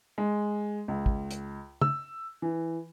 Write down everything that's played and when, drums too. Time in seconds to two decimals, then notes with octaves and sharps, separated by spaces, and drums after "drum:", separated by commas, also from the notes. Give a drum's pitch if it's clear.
0.18 G#3
0.88 C#2
1.06 drum: kick
1.31 drum: hi-hat
1.81 E6, drum: tom
2.42 E3